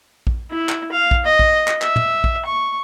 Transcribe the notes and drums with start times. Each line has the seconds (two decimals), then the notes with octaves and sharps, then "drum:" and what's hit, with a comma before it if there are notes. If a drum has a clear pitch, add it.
0.27 drum: kick A#1
0.51 E4
0.69 drum: clap
0.92 F5
1.11 drum: kick A#1
1.26 D#5
1.39 drum: kick A#1
1.68 drum: clap
1.82 E5, drum: clap
1.96 drum: tom
2.24 drum: kick A#1
2.46 C#6